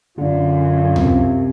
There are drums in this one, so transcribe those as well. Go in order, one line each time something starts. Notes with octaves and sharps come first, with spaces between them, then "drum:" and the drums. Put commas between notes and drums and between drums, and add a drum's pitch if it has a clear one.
F#2 D3 F4
C3, drum: tom C#2